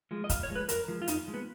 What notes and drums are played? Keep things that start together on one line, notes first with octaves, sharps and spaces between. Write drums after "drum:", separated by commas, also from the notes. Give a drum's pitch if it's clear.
F3 G#3
D#5
F2 F5, drum: kick, hi-hat
C#5
F3 G#3
B4
F2 A#4, drum: hi-hat
F3 G#3
F4
F2 D#4, drum: hi-hat
F3 G#3
B3